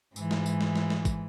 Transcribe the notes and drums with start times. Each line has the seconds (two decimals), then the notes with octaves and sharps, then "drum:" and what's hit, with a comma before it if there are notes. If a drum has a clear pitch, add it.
0.16 G#2 E3, drum: tambourine
0.31 drum: snare
0.46 drum: tambourine
0.61 drum: snare
0.75 drum: snare
0.90 drum: snare
1.05 drum: kick, tambourine